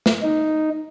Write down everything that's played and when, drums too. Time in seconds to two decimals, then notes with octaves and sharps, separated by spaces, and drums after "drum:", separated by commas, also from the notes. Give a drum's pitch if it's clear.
0.06 drum: snare
0.22 D#4